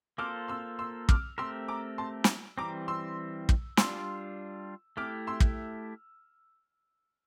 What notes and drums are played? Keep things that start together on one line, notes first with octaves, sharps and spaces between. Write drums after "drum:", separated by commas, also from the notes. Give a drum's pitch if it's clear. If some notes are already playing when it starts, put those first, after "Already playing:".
A#3 F4 A4 C5 D6 F6
C6 E6
C6 E6
D6 F6, drum: kick
A3 C4 G4 A#4 C6 E6
A#5 D6
A5 C6
drum: snare
E3 G3 C4 A#5 D6
C6 E6
drum: kick
G3 D4 F4 C6 E6, drum: snare
A3 E4 G4 D6 F6
C6 E6
drum: kick